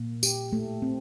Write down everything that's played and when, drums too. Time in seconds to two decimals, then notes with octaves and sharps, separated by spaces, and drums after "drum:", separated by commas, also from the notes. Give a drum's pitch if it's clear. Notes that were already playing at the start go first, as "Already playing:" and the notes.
Already playing: A#2 A#3
0.23 G4, drum: tambourine
0.52 A3
0.82 C4